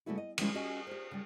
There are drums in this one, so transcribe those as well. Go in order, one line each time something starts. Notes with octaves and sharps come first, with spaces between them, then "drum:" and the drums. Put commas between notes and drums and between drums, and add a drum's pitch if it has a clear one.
C#3 G3 A3 B3 E4 F#4
D#5
D#3 F3 G3 G#3 C#4 E4, drum: cymbal
C#4 F#4 G4 D#5 G5 G#5
G4 C5
C#3 G3